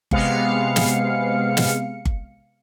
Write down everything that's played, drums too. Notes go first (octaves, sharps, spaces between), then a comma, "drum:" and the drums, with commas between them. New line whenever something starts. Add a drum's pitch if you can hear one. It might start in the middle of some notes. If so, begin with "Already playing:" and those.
C3 G#3 B3 F5 C#7, drum: kick G1
drum: snare
drum: snare
drum: kick G1